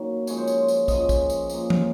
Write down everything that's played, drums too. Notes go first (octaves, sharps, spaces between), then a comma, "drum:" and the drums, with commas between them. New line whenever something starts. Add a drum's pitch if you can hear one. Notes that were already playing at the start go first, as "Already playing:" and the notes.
Already playing: F#2 D#3 A#3 C#5
C#3 F3 G#3 C#5, drum: tambourine
C5
C#5, drum: tambourine
drum: tambourine
C#3 F3 G#3 D#5, drum: kick, tambourine
drum: kick, tambourine
drum: tambourine
A#2 F3 A#3, drum: tambourine
drum: tom